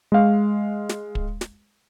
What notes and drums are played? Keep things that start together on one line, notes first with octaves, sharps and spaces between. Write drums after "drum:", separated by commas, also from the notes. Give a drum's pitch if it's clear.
G#3 F5
drum: snare
drum: kick
drum: snare